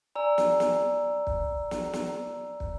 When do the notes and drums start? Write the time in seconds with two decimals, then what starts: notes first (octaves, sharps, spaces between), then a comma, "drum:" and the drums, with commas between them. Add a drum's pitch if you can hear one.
0.15 D5 G#5 A#5 E6
0.38 drum: snare
0.60 drum: snare
1.27 drum: kick
1.71 drum: snare
1.93 drum: snare
2.60 drum: kick